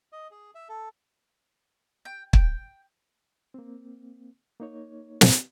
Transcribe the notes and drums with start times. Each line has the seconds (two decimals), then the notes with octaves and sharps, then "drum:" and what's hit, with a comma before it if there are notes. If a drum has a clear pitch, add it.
0.12 D#5
0.31 G#4
0.55 E5
0.69 A4
2.05 G5
2.33 G5, drum: kick
3.54 A#3 C4
4.60 A#3 D#4 C#5
5.21 drum: snare